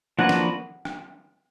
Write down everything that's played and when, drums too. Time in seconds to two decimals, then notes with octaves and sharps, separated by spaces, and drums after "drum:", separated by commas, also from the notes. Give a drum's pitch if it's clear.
0.19 F3 A#3 D4 F#4 B4 F#5
0.29 drum: snare
0.85 drum: rim click